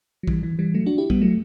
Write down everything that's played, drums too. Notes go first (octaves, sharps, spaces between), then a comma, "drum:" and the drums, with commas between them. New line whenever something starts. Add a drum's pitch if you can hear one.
F#3
E3 G3, drum: kick A#1
E3
E3 G3
F#3 A3
D4 F#4
E4 G4
G3 B3, drum: kick A#1
F#3 A3